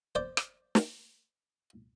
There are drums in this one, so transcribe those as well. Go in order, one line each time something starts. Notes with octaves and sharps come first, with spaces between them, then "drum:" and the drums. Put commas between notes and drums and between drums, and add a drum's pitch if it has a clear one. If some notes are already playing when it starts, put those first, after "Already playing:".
C5 D5
drum: rim click
drum: snare